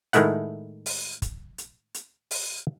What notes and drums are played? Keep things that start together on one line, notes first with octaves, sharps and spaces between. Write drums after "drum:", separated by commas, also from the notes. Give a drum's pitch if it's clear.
A2 D#3 G#3 A3 E4 F#5, drum: hi-hat
drum: open hi-hat
drum: kick, hi-hat
drum: hi-hat
drum: hi-hat
drum: open hi-hat